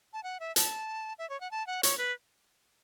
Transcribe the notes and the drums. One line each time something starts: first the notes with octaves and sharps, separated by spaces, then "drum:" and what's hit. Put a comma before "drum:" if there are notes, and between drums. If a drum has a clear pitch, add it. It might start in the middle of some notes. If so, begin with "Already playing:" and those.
A5
F#5
E5
A5, drum: hi-hat
E5
C#5
F#5
A5
F#5
C#5, drum: hi-hat
B4